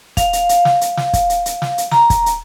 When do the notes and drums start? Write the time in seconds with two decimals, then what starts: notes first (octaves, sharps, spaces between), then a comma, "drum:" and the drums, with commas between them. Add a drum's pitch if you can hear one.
0.17 F5, drum: kick, hi-hat
0.33 drum: hi-hat
0.49 drum: hi-hat
0.65 drum: snare
0.81 drum: hi-hat
0.97 drum: snare
1.13 drum: kick, hi-hat
1.30 drum: hi-hat
1.46 drum: hi-hat
1.62 drum: snare
1.78 drum: hi-hat
1.92 A#5, drum: snare
2.10 drum: kick, hi-hat
2.26 drum: hi-hat